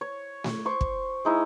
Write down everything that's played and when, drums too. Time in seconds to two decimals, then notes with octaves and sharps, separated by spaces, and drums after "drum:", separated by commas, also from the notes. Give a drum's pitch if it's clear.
0.01 C#5
0.44 drum: snare A3
0.65 C5 C#6 D6
0.81 drum: kick
1.25 G#3 D#4 E4